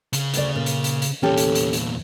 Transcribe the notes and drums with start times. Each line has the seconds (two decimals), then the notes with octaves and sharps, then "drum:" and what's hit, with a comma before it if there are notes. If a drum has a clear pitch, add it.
0.13 C#3 G#4, drum: hi-hat
0.34 D2 D5, drum: hi-hat
0.55 A#2
0.66 drum: hi-hat
0.84 drum: hi-hat
1.02 drum: hi-hat
1.23 E2 A#2 C#4 G4 A4
1.37 drum: hi-hat
1.55 drum: hi-hat
1.73 drum: hi-hat